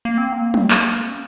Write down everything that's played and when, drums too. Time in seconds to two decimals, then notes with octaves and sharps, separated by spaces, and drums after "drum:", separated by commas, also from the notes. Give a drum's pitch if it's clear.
0.05 A#3
0.18 C4
0.32 A#3
0.54 drum: tom F#3
0.70 drum: clap
1.03 C4
1.11 C#4